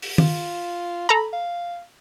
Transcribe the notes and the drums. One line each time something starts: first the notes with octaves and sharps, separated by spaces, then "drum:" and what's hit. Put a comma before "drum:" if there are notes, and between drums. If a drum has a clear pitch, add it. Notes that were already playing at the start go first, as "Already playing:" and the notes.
drum: open hi-hat
F4, drum: tom D#3
A4 A#5 B5
F5